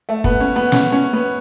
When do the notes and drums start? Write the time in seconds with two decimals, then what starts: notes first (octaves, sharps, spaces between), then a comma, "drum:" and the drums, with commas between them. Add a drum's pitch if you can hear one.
0.09 A3
0.24 B3, drum: kick
0.40 C#4
0.56 B3
0.72 C#4, drum: snare
0.92 C#4
1.13 B3